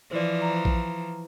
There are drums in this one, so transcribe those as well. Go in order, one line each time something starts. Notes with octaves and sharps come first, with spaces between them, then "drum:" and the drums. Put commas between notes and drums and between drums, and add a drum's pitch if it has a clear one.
E3 F3 C5 D5
A#5
drum: kick A#1